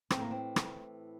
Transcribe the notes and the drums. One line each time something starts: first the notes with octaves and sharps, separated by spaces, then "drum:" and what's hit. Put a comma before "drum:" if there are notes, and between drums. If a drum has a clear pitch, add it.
A2 E3 C4, drum: rim click
A#3
C4
drum: rim click